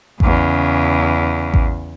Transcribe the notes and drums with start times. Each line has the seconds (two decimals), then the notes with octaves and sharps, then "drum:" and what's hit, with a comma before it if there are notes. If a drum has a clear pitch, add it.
0.20 E2 C#3, drum: kick A1
1.54 drum: kick A1